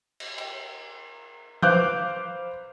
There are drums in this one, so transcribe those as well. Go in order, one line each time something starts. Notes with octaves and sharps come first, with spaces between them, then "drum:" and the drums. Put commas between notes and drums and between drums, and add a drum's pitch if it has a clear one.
drum: cymbal
drum: cymbal
B4 C5 F5 D6 F#6 G6, drum: tom